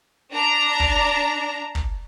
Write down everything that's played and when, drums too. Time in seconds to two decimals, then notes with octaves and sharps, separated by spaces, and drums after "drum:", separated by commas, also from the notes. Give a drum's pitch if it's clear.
0.32 D4 A#5
0.80 drum: kick
1.75 drum: kick